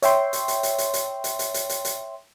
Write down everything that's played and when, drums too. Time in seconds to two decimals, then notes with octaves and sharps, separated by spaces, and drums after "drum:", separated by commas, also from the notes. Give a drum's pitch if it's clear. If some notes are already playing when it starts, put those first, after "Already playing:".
0.02 C#5 E5 G5 C6, drum: hi-hat
0.33 drum: hi-hat
0.48 drum: hi-hat
0.63 drum: hi-hat
0.78 drum: hi-hat
0.94 drum: hi-hat
1.24 drum: hi-hat
1.39 drum: hi-hat
1.54 drum: hi-hat
1.69 drum: hi-hat
1.85 drum: hi-hat